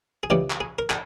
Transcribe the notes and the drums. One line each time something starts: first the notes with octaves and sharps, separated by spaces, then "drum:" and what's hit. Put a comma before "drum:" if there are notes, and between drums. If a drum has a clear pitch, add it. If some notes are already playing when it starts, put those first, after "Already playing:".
G#4
C#2 C#3 E3 G3 G4
drum: clap
G#4
A#4
G#4, drum: clap